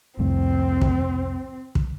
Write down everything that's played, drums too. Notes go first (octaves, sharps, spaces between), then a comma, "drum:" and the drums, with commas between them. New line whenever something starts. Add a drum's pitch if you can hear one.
C2 F2 A2 C4
drum: kick
drum: kick